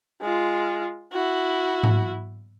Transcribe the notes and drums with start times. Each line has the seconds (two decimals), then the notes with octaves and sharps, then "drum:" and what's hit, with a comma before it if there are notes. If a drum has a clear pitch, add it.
0.22 G#3 F4
1.13 E4 F#4
1.83 drum: tom G#2